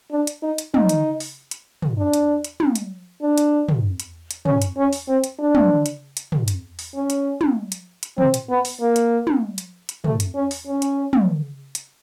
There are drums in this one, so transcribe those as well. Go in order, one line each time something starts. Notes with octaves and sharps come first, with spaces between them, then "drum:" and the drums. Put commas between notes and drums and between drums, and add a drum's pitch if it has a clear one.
D4
drum: hi-hat
D#4
drum: hi-hat
D#4, drum: tom
drum: hi-hat
drum: open hi-hat
drum: hi-hat
drum: tom
D4
drum: hi-hat
drum: hi-hat
drum: tom
drum: hi-hat
D4
drum: hi-hat
drum: tom
drum: hi-hat
drum: hi-hat
C#4, drum: tom
drum: hi-hat
C#4
drum: open hi-hat
C4
drum: hi-hat
D4
drum: tom
drum: hi-hat
drum: hi-hat
drum: tom
drum: hi-hat
drum: open hi-hat
C#4
drum: hi-hat
drum: tom
drum: hi-hat
drum: hi-hat
C4, drum: tom
drum: hi-hat
B3
drum: open hi-hat
A#3
drum: hi-hat
drum: tom
drum: hi-hat
drum: hi-hat
A3, drum: tom
drum: hi-hat
C#4
drum: open hi-hat
C#4
drum: hi-hat
drum: tom
drum: hi-hat